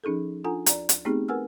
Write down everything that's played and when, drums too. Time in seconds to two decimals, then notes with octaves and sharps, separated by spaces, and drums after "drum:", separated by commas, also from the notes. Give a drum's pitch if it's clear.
0.04 F3 C#4 D#4 G#4 A4
0.44 D4 F4 A4 F#5 G#5 A#5
0.66 D5 A#5, drum: hi-hat
0.89 drum: hi-hat
1.05 A3 B3 C4 D#4 G4 G#4
1.28 A#4 B4 F#5 G#5 E6 F6